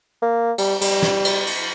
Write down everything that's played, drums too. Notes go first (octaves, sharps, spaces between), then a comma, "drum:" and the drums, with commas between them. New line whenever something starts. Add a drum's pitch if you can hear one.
A#3
G3, drum: cymbal
G3, drum: cymbal
drum: snare
drum: cymbal
drum: cymbal